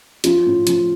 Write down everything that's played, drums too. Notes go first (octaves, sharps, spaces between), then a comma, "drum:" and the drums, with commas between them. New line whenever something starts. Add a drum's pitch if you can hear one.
F3 F4, drum: hi-hat
A2
F3, drum: hi-hat